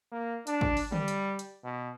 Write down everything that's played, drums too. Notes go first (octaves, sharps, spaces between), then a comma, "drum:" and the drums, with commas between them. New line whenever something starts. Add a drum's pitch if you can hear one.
A#3
D4, drum: hi-hat
drum: kick
drum: open hi-hat
G3, drum: tom D3
drum: hi-hat
drum: hi-hat
B2